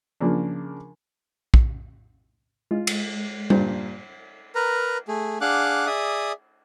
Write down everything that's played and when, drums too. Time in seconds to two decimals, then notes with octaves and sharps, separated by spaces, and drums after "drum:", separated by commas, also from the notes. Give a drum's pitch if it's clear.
0.20 C#3 F3 A#3 D4
1.54 drum: kick A#1
2.71 G#3 F4
2.87 drum: cymbal
3.50 G2 A#2 C5, drum: tom G3
4.55 A#4 B4 A#5
5.08 A3 G#4
5.41 D4 G#4 F5 F#5 D6 F#6
5.87 G#4 D5 E5 D#6